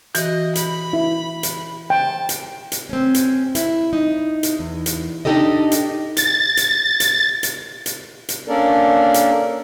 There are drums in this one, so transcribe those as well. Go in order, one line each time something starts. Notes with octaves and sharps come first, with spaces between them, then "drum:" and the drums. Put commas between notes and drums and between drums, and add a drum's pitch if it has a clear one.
E3 F#4 D#5, drum: hi-hat
B5, drum: hi-hat
E4
drum: hi-hat
G5 A5
drum: hi-hat
drum: hi-hat
C4 C#4
drum: hi-hat
E4, drum: hi-hat
D#4
drum: hi-hat
E2
drum: hi-hat
D4 D#4 G4 A4 D#5
drum: hi-hat
A6, drum: hi-hat
drum: hi-hat
drum: hi-hat
drum: hi-hat
drum: hi-hat
drum: hi-hat
A#3 C#4 D4 A4 A#4 D5
drum: hi-hat